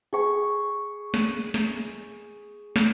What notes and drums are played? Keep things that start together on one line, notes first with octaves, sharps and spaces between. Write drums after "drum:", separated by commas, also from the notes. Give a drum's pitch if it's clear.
G#4 C#6
drum: snare
drum: snare
drum: snare